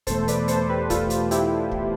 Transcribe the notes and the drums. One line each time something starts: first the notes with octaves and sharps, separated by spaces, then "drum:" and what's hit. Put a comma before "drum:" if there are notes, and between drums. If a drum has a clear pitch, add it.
E2 B2 A3 A4 C5, drum: kick, hi-hat
B4 D5, drum: hi-hat
A4 C5, drum: hi-hat
G4 B4
F4 A4, drum: kick, hi-hat
drum: hi-hat
E4 G4, drum: hi-hat
drum: kick